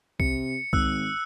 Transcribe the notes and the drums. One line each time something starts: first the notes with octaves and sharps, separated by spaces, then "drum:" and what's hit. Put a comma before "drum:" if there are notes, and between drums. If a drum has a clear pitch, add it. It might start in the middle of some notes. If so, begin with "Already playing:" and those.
C3 C#7, drum: kick C2
G#1 E6 F#6, drum: kick C2